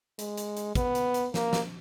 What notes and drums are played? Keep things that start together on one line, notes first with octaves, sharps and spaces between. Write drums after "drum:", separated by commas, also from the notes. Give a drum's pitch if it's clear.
G#3, drum: hi-hat
drum: hi-hat
drum: hi-hat
B3, drum: kick, hi-hat
drum: hi-hat
drum: hi-hat
A#3, drum: snare
drum: snare